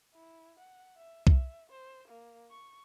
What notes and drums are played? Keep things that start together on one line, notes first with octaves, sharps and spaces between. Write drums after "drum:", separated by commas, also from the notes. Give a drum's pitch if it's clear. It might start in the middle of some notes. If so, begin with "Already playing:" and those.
E4
F#5
E5
E5, drum: kick C2
C5
A#3
C#6